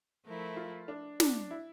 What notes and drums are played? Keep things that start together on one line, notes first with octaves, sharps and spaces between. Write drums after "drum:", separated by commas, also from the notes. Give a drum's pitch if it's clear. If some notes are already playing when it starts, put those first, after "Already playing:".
F3 A3 E4 A#4
F4
D4
D4, drum: snare
E4